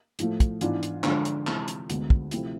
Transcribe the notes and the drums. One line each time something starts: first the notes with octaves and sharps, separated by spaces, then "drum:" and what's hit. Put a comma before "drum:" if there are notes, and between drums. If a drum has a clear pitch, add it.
A2 F3 A3, drum: hi-hat
drum: kick, hi-hat
G#2 E3 B3 D4 F4, drum: hi-hat
drum: hi-hat
D3 F3 G#3 D4 F4, drum: clap
drum: hi-hat
C3 E3 G#3, drum: clap
drum: hi-hat
D2 D3 G#3 B3, drum: hi-hat
drum: kick
C3 F3 A3 C4 E4, drum: hi-hat